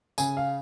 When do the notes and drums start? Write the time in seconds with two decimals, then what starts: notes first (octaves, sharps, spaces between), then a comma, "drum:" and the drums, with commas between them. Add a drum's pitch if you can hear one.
0.18 C#3 G#5, drum: tambourine
0.37 F5